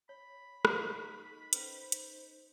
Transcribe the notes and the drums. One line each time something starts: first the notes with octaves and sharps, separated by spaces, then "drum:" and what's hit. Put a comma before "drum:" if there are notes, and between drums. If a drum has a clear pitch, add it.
C#5 B5
D#4 A4 C5 F5 C#6, drum: rim click
C#4 A4 B4 C5, drum: hi-hat
drum: hi-hat